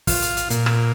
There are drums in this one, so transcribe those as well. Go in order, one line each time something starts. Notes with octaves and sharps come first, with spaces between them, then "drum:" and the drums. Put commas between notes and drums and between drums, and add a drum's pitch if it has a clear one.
F4, drum: kick, open hi-hat
drum: hi-hat
drum: hi-hat
A#2, drum: hi-hat
drum: rim click